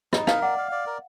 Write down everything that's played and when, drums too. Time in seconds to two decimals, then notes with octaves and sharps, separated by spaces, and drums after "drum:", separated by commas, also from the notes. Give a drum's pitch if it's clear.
0.13 D#4 D#5, drum: rim click
0.27 A#4 F5, drum: rim click
0.42 D5 F#5
0.58 F5
0.72 D5
0.87 A#4